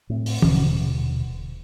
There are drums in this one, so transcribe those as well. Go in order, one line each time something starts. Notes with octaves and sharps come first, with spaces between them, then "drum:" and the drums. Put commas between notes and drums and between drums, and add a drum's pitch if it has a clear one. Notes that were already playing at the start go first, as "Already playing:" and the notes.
A2 A3 C4
drum: open hi-hat
D#1 B2 D3, drum: tom